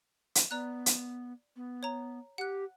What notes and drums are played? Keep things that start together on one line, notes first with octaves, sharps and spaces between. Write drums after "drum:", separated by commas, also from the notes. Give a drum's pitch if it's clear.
drum: hi-hat
B3 D5 A#5 F#6
drum: hi-hat
B3
C#5 A#5
G4 F#5 F#6